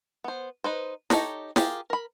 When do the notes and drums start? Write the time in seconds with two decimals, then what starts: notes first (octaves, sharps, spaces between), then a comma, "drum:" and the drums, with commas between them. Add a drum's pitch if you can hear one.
0.24 B3 C5
0.64 D#4 B4 C5
1.10 D#4 G4 A4 C#5 A#5, drum: snare
1.56 F4 G4 G#4 A#4, drum: snare
1.90 A#4 B5